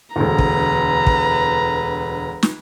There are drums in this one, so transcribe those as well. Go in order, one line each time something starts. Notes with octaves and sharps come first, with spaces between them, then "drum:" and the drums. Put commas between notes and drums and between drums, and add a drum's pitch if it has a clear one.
E1 D2 B4 A#5
drum: kick
drum: kick
drum: snare